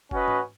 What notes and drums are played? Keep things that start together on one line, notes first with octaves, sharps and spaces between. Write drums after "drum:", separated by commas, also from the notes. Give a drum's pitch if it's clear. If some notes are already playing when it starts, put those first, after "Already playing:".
C#4 F#4 B4 D#5, drum: kick F#1
drum: tom G#2